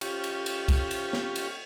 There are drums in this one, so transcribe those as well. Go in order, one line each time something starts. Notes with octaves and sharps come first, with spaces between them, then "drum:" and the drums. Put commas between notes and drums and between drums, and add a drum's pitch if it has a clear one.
C#4 F4 G4, drum: cymbal
drum: cymbal
drum: cymbal
drum: kick, cymbal
drum: cymbal
drum: snare
drum: cymbal